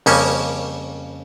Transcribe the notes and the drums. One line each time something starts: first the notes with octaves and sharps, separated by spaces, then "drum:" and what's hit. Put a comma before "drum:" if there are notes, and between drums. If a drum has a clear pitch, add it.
F2 C#3 G3 A#3 C#4, drum: open hi-hat